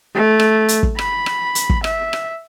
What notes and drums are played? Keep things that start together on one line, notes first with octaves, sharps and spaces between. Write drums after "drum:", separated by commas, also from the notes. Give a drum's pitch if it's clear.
A3
drum: rim click
drum: hi-hat
drum: kick
B5, drum: rim click
drum: rim click
drum: hi-hat
drum: kick
E5, drum: rim click
drum: rim click